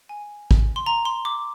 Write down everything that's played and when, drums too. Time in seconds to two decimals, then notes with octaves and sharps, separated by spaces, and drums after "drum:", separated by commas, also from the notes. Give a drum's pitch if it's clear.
0.09 G#5
0.51 drum: kick
0.76 C6
0.86 A#5
1.05 C6
1.25 D6